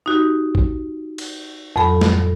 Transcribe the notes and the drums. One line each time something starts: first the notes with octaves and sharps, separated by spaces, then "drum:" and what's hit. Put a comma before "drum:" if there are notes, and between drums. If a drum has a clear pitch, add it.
D#4 F#4 G4
drum: kick
drum: cymbal
F2 A2 F#3 A4 B5
drum: snare